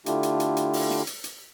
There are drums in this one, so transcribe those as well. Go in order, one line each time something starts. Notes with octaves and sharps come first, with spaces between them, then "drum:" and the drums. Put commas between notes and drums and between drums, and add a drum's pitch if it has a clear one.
D3 A3 D4 E4 F4 G4, drum: hi-hat
drum: hi-hat
drum: hi-hat
drum: hi-hat
drum: open hi-hat
drum: snare
drum: hi-hat
drum: hi-hat